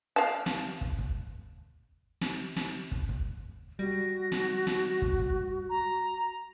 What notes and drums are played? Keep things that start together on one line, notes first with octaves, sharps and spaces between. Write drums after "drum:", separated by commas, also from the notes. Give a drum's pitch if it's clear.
F5 A5
drum: snare
drum: kick
drum: kick
drum: snare
drum: snare
drum: kick
drum: kick
G3 F#4 A#6
drum: snare
drum: snare
drum: kick
drum: kick
A#5